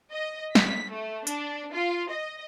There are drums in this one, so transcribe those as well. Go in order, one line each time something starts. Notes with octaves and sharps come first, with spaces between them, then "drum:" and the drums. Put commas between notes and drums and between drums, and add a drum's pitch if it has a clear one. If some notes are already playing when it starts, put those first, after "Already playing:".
D#5
B6, drum: snare
A3
D4, drum: hi-hat
F4
D#5